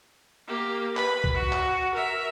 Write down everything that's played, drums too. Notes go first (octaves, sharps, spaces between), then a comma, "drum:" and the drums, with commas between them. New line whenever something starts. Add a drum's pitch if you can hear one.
A#3 G4
B4 B5, drum: clap
drum: kick C2
F#4
drum: clap
A#4 E5